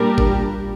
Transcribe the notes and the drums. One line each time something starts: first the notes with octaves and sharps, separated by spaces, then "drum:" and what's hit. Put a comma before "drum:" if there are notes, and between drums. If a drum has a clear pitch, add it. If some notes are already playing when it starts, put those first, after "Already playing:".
Already playing: A#2 G3 D4 G4 A#4
drum: kick G#1